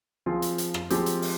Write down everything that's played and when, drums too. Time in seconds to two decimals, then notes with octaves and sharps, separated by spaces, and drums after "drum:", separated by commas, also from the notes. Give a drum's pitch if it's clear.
0.26 F3 C4 F4 G#4
0.42 drum: hi-hat
0.58 drum: hi-hat
0.74 drum: rim click
0.90 F3 G#3 C4 G4, drum: hi-hat
1.06 drum: hi-hat
1.22 drum: open hi-hat